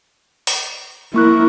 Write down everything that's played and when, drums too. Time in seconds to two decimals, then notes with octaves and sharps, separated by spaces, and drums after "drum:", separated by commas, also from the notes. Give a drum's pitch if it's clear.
0.47 drum: open hi-hat
1.14 A#3 E4 A#4 C#6 F#6